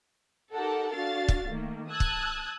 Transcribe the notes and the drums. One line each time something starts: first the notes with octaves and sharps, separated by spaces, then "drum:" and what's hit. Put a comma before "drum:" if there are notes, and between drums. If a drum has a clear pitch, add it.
D#4 G4 A4 A#4 F#5 A5
D4 F#4 F5 A6
drum: kick
D#3 A3 A#3
A5 D#6 E6 F#6 G#6
drum: kick